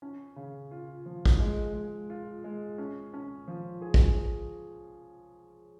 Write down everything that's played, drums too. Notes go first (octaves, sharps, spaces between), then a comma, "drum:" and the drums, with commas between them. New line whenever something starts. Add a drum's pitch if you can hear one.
C#4
C#3
F4
F3
drum: kick A1
G#3
G#3
F4
G#3
C#4
C#4
F3
G#4
drum: kick A1